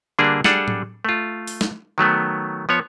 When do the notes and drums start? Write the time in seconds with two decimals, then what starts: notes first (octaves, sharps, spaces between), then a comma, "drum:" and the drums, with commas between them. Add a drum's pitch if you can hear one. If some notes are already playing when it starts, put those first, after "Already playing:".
0.19 D3 G3 A#3 D4 G#4
0.44 G3 D4 G#4 A4 F#5, drum: snare
0.68 drum: tom A2
1.05 A3 F4
1.48 drum: open hi-hat
1.61 drum: snare
1.98 D#3 F#3 A3 B3
2.69 F3 B3 C#5